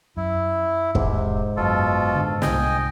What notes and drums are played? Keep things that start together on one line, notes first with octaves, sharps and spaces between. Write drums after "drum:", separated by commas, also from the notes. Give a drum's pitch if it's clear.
F#2 E4
E1 G#2 C3 D#3, drum: kick
G1 F#2 B2 F4 A4
D3
C2 D3 D#5 G5 G#5, drum: snare